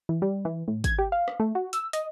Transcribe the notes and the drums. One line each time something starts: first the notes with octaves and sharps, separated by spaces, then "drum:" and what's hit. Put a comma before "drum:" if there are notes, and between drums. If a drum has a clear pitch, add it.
E3
G3
E3
A2
G#6, drum: kick, hi-hat
G4
F5
drum: rim click
A3
F#4
E6, drum: hi-hat
D#5, drum: hi-hat